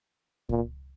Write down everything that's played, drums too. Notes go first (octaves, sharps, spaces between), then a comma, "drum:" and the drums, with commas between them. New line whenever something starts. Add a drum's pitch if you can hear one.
A#2, drum: kick C#2